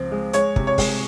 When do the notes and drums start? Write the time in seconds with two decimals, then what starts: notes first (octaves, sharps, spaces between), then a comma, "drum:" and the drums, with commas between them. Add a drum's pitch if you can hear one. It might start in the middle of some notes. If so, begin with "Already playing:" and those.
Already playing: C#2 F3 C4
0.12 G#3
0.33 G#3 C#5, drum: hi-hat
0.56 C3, drum: kick
0.67 C#5
0.78 G#3, drum: kick, open hi-hat